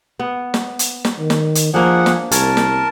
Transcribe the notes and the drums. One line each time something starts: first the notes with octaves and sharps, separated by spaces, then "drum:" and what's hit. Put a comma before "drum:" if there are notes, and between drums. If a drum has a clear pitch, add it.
B3
drum: snare
drum: hi-hat
drum: snare
D#3
drum: snare
drum: hi-hat
F3 A#3 D4 G#4 F#5
drum: snare
C2 C#4 A#4 A5, drum: hi-hat
drum: snare